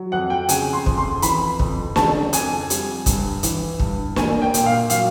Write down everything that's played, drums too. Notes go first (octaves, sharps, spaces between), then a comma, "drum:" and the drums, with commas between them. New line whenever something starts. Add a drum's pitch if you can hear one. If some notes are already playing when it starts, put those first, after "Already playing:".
Already playing: F#3
F2 F#5
G5
C#3 G#5, drum: hi-hat
C6
F2, drum: kick
C6
E3 B5, drum: hi-hat
F2, drum: kick
C#3 A5, drum: snare
F2 G#5, drum: hi-hat
G3, drum: hi-hat
G2, drum: kick, hi-hat
E3, drum: hi-hat
G2, drum: kick
A#3 G#5, drum: snare
G5
A#2, drum: hi-hat
F5
F#3 F5, drum: hi-hat